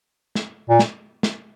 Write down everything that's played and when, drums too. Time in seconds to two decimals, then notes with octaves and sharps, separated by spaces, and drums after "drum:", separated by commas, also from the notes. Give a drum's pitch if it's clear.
0.35 drum: snare
0.70 A#2
0.79 drum: snare
1.23 drum: snare